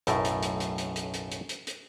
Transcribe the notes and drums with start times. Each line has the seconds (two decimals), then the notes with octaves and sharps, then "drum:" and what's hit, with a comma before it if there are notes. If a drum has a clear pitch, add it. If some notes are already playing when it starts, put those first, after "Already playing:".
0.07 B1 F#2 A2 A3 A#4, drum: hi-hat
0.25 drum: hi-hat
0.43 drum: hi-hat
0.60 drum: hi-hat
0.78 drum: hi-hat
0.96 drum: hi-hat
1.14 drum: hi-hat
1.32 drum: hi-hat
1.49 drum: hi-hat
1.67 drum: hi-hat